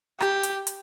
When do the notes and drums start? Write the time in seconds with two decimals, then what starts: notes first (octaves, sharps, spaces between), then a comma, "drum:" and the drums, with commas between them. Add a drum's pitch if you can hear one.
0.20 G4, drum: rim click
0.43 drum: hi-hat
0.67 drum: hi-hat